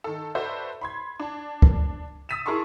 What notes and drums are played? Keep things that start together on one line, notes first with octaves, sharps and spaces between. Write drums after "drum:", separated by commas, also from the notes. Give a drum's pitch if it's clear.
D#3 A4
F#4 A4 B4 C5 D5 E5
B5 C6 G#6
D4 A5
drum: kick
D#6 E6 A6 B6 D#7 E7
E4 G#4 A#4 A5 C6 C#6